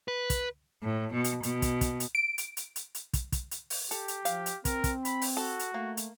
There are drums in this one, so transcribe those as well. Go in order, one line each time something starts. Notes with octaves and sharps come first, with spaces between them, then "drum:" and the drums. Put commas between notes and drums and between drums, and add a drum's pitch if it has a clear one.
B4
drum: kick, hi-hat
A2
B2
drum: hi-hat
B2, drum: hi-hat
drum: kick, hi-hat
drum: kick, hi-hat
drum: hi-hat
D7
drum: hi-hat
drum: hi-hat
drum: hi-hat
drum: hi-hat
drum: kick, hi-hat
drum: kick, hi-hat
drum: hi-hat
drum: open hi-hat
G4 A4, drum: hi-hat
drum: hi-hat
F3 F5, drum: hi-hat
drum: hi-hat
C4 A#4, drum: kick, hi-hat
drum: kick, hi-hat
B5, drum: hi-hat
drum: open hi-hat
F#4 A4
drum: hi-hat
A3 A#3
drum: hi-hat